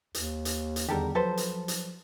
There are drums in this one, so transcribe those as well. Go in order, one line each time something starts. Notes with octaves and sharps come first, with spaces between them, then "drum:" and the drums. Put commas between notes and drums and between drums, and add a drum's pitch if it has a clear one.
D#2, drum: hi-hat
drum: hi-hat
drum: hi-hat
E2 D3 D#3 G3 G4 A4 A#4
F3 F#3 A4 B4 C5
drum: hi-hat
drum: hi-hat